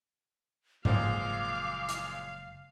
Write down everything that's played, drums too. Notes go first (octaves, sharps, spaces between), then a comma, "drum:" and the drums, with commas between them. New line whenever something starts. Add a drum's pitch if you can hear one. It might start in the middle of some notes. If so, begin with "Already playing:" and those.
F#1 A#2 F3 G#3 F5 D6, drum: tom G#2
drum: hi-hat